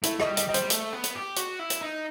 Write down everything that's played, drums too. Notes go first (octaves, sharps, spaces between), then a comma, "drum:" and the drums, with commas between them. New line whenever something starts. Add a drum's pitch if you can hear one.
A3 E4, drum: hi-hat
A3 D#5, drum: rim click
G3
D#5, drum: hi-hat
G3 D#5
C5, drum: hi-hat
G3
A3, drum: hi-hat
B3
drum: hi-hat
G4
F#4, drum: hi-hat
E4
drum: hi-hat
D#4